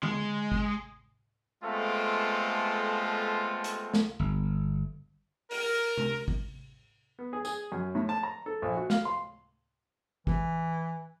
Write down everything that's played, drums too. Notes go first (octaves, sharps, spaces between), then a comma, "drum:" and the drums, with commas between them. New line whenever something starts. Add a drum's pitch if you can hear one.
G#3, drum: tom D3
drum: kick
G#3 A3 B3 C4 F4 A4
drum: hi-hat
drum: snare
G1
A#4, drum: open hi-hat
drum: tom C3
drum: kick
B3
G#4
G#4, drum: tambourine
F#2
A2
A5
A#5
A4
A#1
F#4
F5, drum: snare
C6
E3, drum: kick